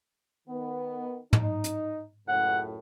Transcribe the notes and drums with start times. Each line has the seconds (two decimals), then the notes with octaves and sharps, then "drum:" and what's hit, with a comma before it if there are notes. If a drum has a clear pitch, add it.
0.48 D#3 B3
1.33 D#4, drum: tom
1.64 drum: hi-hat
2.28 C#2 F#2 A2 F#5